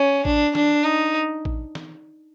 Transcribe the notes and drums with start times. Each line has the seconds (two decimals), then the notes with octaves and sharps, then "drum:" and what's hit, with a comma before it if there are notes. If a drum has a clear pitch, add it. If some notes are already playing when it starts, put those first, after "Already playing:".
Already playing: C#4
0.25 D4, drum: kick A1
0.55 D4, drum: snare E3
0.85 D#4
1.45 drum: kick A1
1.75 drum: snare E3